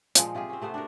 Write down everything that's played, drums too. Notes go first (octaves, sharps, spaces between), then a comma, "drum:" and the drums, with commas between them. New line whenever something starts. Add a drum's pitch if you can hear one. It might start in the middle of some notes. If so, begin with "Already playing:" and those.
A#2 F3 G#3, drum: hi-hat
C3 F4 G4 G#4
C4 C#4
C3 A3 B3 C5
D4 F#4 A#4